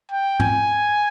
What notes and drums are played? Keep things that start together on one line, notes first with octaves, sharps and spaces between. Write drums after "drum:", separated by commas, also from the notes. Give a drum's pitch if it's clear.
G5
G#5, drum: tom